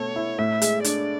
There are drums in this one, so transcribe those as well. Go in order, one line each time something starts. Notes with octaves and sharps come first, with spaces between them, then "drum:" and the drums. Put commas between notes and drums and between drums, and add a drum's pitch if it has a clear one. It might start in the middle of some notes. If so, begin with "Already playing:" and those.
Already playing: B2 A3 A4 C#5
E4
A2 E5
G#3, drum: hi-hat
D4 D5, drum: hi-hat